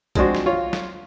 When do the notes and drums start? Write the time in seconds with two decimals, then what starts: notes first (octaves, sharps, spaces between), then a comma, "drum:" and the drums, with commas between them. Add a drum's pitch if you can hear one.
0.15 F3 G#3 C4 D4 F#4, drum: kick, hi-hat
0.35 drum: snare
0.46 F4 C#5
0.73 drum: snare